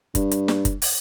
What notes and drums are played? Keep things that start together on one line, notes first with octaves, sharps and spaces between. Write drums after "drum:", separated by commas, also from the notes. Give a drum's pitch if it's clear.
G2, drum: kick F#1, hi-hat
drum: hi-hat
drum: snare
drum: kick F#1, hi-hat
drum: open hi-hat